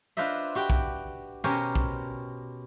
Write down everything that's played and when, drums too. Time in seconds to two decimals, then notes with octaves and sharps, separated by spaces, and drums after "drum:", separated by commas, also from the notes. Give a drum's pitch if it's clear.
0.17 D4 F4 B4 C5 D#5 E5
0.55 F#4 G4 B4 G5
0.70 drum: kick
1.44 B2 C#4 G4 A#4 C5 G#5
1.75 drum: kick